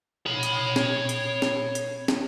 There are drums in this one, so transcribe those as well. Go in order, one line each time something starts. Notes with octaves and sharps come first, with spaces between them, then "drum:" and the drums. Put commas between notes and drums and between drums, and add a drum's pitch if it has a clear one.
C#5 B5
drum: hi-hat
drum: snare
drum: hi-hat
drum: snare
drum: hi-hat
drum: snare